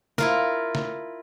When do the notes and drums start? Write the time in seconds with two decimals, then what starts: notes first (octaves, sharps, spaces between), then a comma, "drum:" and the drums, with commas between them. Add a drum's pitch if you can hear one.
0.18 E4 F4 A#4, drum: snare
0.75 drum: snare